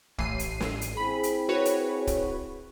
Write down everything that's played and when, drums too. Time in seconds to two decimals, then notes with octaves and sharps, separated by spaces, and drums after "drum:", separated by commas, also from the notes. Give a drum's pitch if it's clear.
0.18 A1 C7 D#7, drum: kick
0.39 drum: hi-hat
0.60 drum: snare
0.81 drum: hi-hat
0.97 C4 E4 G#4 B5
1.23 drum: hi-hat
1.49 F#4 B4 C#5
1.65 drum: hi-hat
2.07 drum: kick, hi-hat